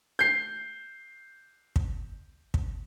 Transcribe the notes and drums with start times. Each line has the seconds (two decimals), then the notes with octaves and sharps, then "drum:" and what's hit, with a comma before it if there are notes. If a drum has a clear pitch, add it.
0.19 G6 C7
1.76 drum: kick
2.54 drum: kick